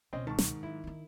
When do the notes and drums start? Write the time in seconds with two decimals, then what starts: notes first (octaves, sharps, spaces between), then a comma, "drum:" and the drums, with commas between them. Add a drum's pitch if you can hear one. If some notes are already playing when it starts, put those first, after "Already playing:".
0.13 C#2 B2 C4 C#4 D#5
0.27 G#2 D#3 A5 C#6
0.39 drum: snare
0.63 F#3 E4
0.84 D4 D#4